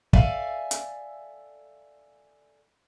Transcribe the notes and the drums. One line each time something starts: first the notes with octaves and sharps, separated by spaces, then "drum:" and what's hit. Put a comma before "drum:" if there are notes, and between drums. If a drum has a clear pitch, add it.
A4 D5 E5 F5 G#5, drum: kick
drum: hi-hat